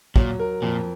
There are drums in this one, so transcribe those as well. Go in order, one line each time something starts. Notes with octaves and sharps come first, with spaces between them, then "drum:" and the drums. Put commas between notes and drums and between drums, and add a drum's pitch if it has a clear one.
A#2 F#3, drum: kick
A#4
F2 A#2